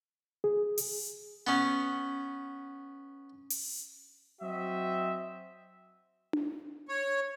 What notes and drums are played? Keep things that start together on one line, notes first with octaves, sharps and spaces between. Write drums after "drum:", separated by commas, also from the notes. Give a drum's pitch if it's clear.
G#4
drum: open hi-hat
B3 C#4
drum: open hi-hat
F#3 C4 F#4 D#5 E5
drum: tom D4
C#5